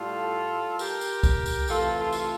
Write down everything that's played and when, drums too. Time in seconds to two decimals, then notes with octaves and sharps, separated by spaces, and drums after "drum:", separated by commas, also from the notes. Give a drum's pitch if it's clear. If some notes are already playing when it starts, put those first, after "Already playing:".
Already playing: A2 G3 F4 A4
0.79 G4 A#4, drum: tambourine
1.01 drum: tambourine
1.23 drum: kick, tambourine
1.46 drum: tambourine
1.68 C3 E3 A3 F4 A4, drum: tambourine
1.97 F4 A4
2.13 drum: tambourine